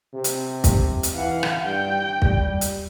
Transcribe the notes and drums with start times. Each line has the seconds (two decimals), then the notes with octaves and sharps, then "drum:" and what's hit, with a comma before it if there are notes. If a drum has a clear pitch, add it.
0.14 C3
0.24 drum: hi-hat
0.64 drum: kick, hi-hat
1.03 drum: hi-hat
1.14 E3 F5 F#5
1.43 drum: rim click
1.65 G2 G5
2.22 G3, drum: kick
2.61 drum: hi-hat